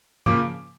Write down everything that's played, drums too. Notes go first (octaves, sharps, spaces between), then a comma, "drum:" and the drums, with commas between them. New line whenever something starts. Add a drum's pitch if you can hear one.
C#3 F3 A#3 D6, drum: tom G#2